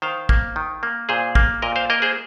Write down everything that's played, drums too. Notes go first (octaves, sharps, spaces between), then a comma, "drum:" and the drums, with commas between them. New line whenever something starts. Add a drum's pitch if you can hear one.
D#3 C5 F5
A#3, drum: kick
D#3
A#3
A#2 G#4 C5
A#3, drum: kick
A#2 A#4 D#5
C5 F5
A#3 A#4 D#5
G#4 C5